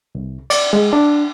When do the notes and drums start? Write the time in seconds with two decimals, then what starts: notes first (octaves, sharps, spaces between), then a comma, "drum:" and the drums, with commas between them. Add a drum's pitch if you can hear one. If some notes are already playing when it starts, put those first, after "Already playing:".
0.15 C2
0.50 D5, drum: cymbal
0.73 G#3
0.93 D4